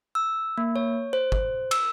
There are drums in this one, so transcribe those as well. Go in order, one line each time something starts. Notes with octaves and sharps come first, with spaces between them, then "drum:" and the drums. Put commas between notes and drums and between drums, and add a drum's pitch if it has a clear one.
E6
A#3
C#5
C5
drum: kick
E6, drum: cymbal